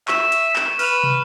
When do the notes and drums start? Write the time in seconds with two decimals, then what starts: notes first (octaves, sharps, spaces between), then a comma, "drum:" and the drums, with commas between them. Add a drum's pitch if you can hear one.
0.08 E5 C#6 E7, drum: clap
0.32 drum: hi-hat
0.56 drum: clap
0.79 B4 F6 F7, drum: open hi-hat
1.04 drum: tom